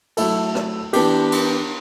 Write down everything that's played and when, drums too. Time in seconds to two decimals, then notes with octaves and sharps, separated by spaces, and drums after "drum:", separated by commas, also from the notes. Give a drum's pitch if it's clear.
0.17 F#3 A3 E4 A4, drum: cymbal
0.55 drum: rim click
0.93 E3 B3 D4 G4, drum: cymbal
1.32 drum: cymbal